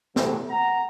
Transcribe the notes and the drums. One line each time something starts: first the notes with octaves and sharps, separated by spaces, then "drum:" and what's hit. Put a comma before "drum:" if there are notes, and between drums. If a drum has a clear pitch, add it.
E2 A2 C3 F#3, drum: snare
F#5 A#5